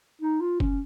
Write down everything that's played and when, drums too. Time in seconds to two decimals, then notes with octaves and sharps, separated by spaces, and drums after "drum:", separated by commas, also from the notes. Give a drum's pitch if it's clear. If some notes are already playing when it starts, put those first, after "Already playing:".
0.22 D#4
0.41 F4
0.60 C#4, drum: kick